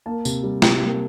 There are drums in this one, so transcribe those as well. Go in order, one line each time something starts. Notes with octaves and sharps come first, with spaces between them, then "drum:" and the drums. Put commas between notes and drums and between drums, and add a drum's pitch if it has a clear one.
A#3 A5
C3, drum: tambourine
G3
C3, drum: snare
A#3